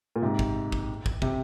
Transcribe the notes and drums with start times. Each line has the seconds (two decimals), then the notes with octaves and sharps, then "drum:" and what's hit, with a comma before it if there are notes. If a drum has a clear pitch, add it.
0.16 A#2
0.22 G#2 C3
0.39 drum: kick
0.72 drum: kick
1.06 drum: kick
1.22 C3, drum: kick